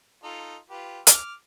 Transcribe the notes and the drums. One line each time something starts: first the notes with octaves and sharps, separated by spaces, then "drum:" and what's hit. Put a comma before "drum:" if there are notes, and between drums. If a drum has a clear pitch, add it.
D#4 F4 A4
F4 G4 B4
D6 F6, drum: hi-hat